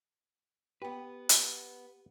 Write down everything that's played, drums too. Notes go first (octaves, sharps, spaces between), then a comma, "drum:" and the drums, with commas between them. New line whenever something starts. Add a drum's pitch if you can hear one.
B3 G4 B4
drum: hi-hat